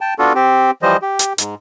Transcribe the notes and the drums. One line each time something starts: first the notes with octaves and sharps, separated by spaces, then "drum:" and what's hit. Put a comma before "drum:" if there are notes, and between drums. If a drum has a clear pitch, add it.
G5 A5
B3 D4 F4 F#4 A4
C4 G4
E3 F3 G3 C5 D#5
G4
drum: hi-hat
G#2, drum: hi-hat